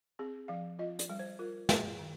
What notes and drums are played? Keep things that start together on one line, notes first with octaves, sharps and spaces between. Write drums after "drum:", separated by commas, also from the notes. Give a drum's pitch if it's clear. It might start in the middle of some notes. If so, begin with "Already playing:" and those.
C4 G#4
F3 F5
F4 D#5
D5, drum: hi-hat
G3
C5
F4 A#4
G3 G#4, drum: snare
D#3